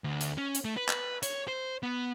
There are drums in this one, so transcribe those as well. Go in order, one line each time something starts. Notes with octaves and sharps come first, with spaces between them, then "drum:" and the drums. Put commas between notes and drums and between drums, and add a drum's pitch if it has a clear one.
D2
drum: hi-hat
C#4
drum: hi-hat
A3
B4
drum: clap
C#5, drum: hi-hat
C5
B3